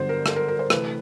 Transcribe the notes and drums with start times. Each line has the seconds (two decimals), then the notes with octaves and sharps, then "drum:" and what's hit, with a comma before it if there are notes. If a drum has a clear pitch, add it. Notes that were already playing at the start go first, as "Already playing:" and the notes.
Already playing: G2 D3 F#3 B3 C5
0.09 A#4
0.26 A4, drum: rim click
0.36 A#4
0.48 A#4
0.59 C5
0.70 C3 E3 A3 B4, drum: rim click